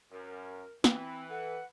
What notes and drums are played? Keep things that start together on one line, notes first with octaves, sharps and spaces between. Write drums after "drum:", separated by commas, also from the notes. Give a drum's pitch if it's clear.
F#2 A#4
E3 C4 B4, drum: snare
A4 F#5